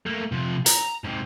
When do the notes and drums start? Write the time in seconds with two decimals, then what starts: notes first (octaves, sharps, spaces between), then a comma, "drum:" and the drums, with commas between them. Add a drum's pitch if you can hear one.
0.06 A3 A#3
0.32 C3 F3
0.66 A#5, drum: hi-hat
1.04 G#2 C3